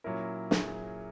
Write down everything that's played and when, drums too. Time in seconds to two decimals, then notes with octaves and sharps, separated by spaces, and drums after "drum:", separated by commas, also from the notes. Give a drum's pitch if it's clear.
0.04 A#2 F#3 C#4 E4 A#4
0.51 G#4, drum: snare